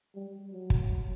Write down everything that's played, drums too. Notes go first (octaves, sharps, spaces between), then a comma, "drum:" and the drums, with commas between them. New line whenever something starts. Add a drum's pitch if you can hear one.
G3
F#3
drum: kick